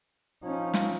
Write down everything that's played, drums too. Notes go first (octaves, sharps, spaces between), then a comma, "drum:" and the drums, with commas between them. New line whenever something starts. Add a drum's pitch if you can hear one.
F3 C#4 D#4
drum: snare